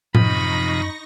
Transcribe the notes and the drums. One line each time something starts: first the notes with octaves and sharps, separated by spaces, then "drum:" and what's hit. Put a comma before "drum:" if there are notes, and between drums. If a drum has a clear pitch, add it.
F#2 C3 F3 D#4 D#5 B5 C#6 A#6, drum: tom A2